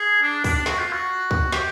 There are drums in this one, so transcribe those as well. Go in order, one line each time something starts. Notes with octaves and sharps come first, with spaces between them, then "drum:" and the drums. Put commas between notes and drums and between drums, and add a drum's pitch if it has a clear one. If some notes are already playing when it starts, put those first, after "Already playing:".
Already playing: G#4
D4
D4, drum: kick, open hi-hat
F#4, drum: snare
F4
F#4
drum: kick
G4, drum: snare